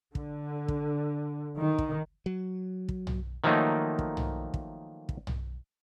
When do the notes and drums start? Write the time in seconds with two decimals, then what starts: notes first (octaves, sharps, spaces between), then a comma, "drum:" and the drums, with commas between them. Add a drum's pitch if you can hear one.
0.15 D3, drum: kick
0.68 drum: kick
1.58 D#3
1.78 drum: kick
2.26 F#3
2.89 drum: kick
3.07 drum: tom
3.44 D#3 F3 F#3 A3 A#3 D#4
3.99 drum: kick
4.17 drum: tom
4.54 drum: kick
5.09 drum: kick
5.27 drum: tom